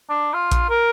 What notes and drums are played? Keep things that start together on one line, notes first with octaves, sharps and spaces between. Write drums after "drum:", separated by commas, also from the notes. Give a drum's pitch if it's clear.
D4
F4
drum: kick A#1, hi-hat
A#4